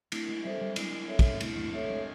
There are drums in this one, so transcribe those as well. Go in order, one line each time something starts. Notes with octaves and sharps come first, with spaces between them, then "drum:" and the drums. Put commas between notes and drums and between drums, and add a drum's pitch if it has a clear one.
A3 E4, drum: cymbal
G#3
G3 A4 C5 E5
G3
G#3 E4, drum: cymbal
A4 C#5 E5
drum: kick, cymbal
A3 E4, drum: cymbal
A3
A3 A4 C#5 E5
G#3